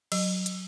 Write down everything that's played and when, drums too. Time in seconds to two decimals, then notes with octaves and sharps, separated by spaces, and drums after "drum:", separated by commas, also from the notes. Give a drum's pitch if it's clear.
0.12 F#3, drum: cymbal
0.46 drum: hi-hat